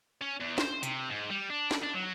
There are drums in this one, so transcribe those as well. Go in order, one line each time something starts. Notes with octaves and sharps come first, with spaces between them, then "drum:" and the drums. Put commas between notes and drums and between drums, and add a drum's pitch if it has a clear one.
C#4
E2
C5, drum: snare
C3, drum: hi-hat
G#2
G3
D4
drum: snare
D4
F#3